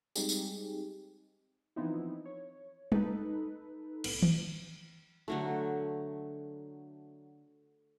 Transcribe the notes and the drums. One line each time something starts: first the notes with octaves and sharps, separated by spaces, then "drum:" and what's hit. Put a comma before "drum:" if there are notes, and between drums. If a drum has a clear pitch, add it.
G3 G#3 C4 D#4 G4 G#4, drum: tambourine
drum: tambourine
E3 F3 B3 C4 D#4 E4
C#5
D#4 A4 B4, drum: tom G3
C2 A2 B3, drum: cymbal
drum: tom D#3
D3 F#3 A3